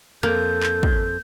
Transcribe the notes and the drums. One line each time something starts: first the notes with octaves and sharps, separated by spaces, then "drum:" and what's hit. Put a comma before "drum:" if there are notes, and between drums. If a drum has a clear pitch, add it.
F2 A#3 A4 G6
drum: clap
drum: kick